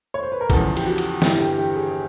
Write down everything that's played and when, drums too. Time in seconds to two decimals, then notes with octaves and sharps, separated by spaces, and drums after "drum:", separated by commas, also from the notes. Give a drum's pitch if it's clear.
0.14 C#5
0.23 C5
0.32 B4
0.41 A#4
0.50 E2 C#3 F3 A4, drum: kick A1, cymbal
0.77 G4, drum: cymbal
0.86 F#4
0.98 drum: cymbal
1.22 G1 G2 E3 G4, drum: snare
1.40 G4
1.58 G4
1.76 G#4